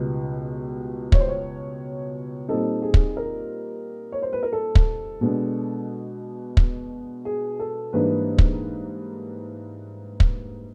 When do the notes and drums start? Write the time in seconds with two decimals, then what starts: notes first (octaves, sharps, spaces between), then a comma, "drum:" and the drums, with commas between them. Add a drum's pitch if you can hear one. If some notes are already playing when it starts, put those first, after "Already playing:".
Already playing: C#2 B2 G3 B3
1.12 C#5, drum: kick
1.20 C5
1.28 C#5
2.48 A#2 G3 C4 D#4 A4
2.82 G#4
2.94 drum: kick
3.17 A#4
4.12 C#5
4.22 C5
4.33 B4
4.43 A#4
4.53 A4
4.75 drum: kick
5.21 B2 G#3 B3 D4
6.57 drum: kick
7.25 G#4
7.60 A4
7.93 G#2 E3 G3 A#3 D4 B4
8.38 drum: kick
10.20 drum: kick